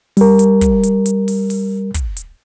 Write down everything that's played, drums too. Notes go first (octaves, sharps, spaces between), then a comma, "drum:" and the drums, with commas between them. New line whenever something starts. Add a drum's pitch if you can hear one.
G3 A#4, drum: open hi-hat
drum: hi-hat
drum: kick, hi-hat
drum: hi-hat
drum: hi-hat
drum: open hi-hat
drum: open hi-hat
drum: kick, hi-hat
drum: hi-hat